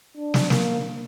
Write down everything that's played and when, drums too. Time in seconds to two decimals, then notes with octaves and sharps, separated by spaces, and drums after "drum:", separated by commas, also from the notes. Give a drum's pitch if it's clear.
0.17 D4
0.34 drum: snare
0.50 A#3, drum: snare